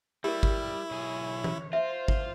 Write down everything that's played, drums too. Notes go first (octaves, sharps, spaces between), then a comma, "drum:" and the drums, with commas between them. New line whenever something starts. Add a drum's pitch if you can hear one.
G3 E4 G4 A#4
drum: kick
B1 G#4 C#5
drum: tom E3
F4 C5 E5
drum: kick